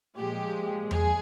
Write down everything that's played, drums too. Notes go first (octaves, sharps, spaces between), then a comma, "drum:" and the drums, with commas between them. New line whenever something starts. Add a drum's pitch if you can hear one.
A#2 F3 G#3 G4
G#4, drum: tom E2